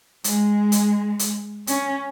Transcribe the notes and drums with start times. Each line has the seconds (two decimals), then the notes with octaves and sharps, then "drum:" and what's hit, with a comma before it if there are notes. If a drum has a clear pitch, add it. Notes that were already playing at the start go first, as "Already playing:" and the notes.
0.24 G#3, drum: hi-hat
0.72 drum: hi-hat
1.19 drum: hi-hat
1.67 C#4, drum: hi-hat